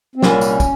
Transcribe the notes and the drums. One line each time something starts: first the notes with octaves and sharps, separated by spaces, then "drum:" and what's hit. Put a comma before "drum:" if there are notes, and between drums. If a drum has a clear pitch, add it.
C4
C2 A#2 G3 A#3 C#4 F4, drum: snare
drum: tambourine
drum: kick, tambourine